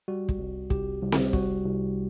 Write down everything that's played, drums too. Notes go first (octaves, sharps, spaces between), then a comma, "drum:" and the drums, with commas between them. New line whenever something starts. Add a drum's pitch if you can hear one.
G3 F#4
drum: kick
C2
C2 G4, drum: kick
C2
drum: snare C4
G3 F#4, drum: kick
C2